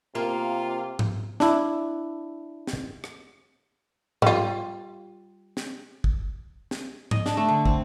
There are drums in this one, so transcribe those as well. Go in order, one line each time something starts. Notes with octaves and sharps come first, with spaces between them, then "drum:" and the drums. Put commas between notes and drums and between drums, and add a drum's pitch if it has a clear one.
C3 A#3 F4
drum: tom G#2
D4 E4, drum: snare
drum: snare
drum: rim click
G3 F4, drum: tom G#2
drum: snare
drum: kick
drum: snare
D#5, drum: tom G#2
D4, drum: snare
A3
D3
C4, drum: kick